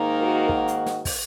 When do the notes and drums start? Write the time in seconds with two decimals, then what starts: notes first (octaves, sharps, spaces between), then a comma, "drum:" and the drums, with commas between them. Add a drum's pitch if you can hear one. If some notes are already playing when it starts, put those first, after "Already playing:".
Already playing: G#2 D#3 A#3 D#4
0.20 F#4 A#4
0.49 F#4, drum: kick
0.68 drum: hi-hat
0.86 drum: snare
1.05 drum: kick, open hi-hat